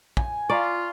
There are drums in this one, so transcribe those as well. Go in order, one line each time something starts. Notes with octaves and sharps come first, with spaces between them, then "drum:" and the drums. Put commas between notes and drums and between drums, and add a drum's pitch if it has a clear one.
G#5, drum: kick
F4 D5 F5 A#5 C#6